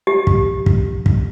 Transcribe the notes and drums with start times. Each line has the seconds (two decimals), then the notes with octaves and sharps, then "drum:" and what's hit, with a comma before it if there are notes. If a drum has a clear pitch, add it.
0.07 G4
0.27 drum: kick
0.66 drum: kick
1.06 drum: kick